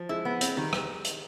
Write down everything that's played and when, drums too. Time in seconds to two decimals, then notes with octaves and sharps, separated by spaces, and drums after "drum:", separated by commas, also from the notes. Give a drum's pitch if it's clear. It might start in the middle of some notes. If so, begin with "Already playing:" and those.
Already playing: F3
0.09 G#3 E4
0.25 B3
0.41 G#3 C4, drum: hi-hat
0.57 D#3 G3
0.73 drum: rim click
1.05 drum: hi-hat